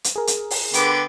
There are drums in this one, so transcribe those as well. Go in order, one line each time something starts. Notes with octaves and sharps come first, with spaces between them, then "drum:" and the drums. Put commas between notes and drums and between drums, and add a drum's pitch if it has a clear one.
drum: hi-hat
G#4 A#4
drum: hi-hat
drum: open hi-hat
D3 B3 G5 D6, drum: hi-hat